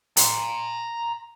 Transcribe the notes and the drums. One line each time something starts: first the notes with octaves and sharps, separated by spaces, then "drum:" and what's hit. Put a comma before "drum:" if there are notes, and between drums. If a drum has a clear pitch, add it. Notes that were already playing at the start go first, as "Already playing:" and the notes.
A#5 C6, drum: hi-hat